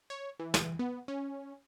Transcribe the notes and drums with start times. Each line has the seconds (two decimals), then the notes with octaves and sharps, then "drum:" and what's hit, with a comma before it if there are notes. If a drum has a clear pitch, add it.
0.10 C#5
0.39 E3
0.54 drum: snare
0.79 B3
1.08 C#4